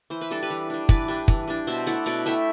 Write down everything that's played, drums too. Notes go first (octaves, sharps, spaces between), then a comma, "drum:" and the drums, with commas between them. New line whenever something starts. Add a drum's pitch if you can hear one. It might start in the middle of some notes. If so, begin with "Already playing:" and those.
E3 C5
B4
G3 D4 A4
G4 B4
E3
G3 D4
E3 B4 D5, drum: kick
G3 D4
E3, drum: kick
G3 D4
B2 C5 E5
A3 E4 D5 F#5
B2 D5 F#5
A3 E4 E5 G5